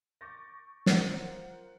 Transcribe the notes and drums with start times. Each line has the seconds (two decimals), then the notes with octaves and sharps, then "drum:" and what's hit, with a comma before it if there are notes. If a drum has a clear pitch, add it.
0.21 C#6 D6 G6 A6 A#6
0.86 F4 A#4 C5 F#5, drum: snare